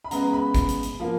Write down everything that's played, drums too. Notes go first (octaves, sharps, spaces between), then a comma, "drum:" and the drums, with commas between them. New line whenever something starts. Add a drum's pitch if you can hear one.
B5
C#3 G#3 B3 A#5, drum: hi-hat
B5
drum: kick G#1, hi-hat
drum: hi-hat
drum: hi-hat
F3 A#3